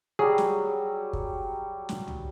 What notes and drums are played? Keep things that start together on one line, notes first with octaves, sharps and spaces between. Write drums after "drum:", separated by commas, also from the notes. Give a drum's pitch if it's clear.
F#3 G3 G#4
drum: snare
drum: kick
drum: snare
drum: tom